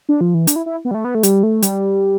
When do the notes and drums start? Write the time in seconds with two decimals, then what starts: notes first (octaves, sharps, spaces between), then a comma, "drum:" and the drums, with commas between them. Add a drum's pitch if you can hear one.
0.09 D4
0.21 F3
0.34 E3
0.47 D4, drum: hi-hat
0.56 E4
0.66 E4
0.85 B3
0.91 G3
0.94 A3
1.05 B3
1.15 A3
1.23 G3, drum: hi-hat
1.43 A3
1.62 G3, drum: hi-hat